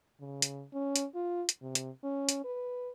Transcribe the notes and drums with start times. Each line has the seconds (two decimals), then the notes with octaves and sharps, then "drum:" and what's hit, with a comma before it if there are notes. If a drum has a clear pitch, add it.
0.20 C#3
0.42 drum: hi-hat
0.73 C#4
0.96 drum: hi-hat
1.15 F4
1.49 drum: hi-hat
1.62 C3
1.75 drum: hi-hat
2.04 C#4
2.29 drum: hi-hat
2.44 B4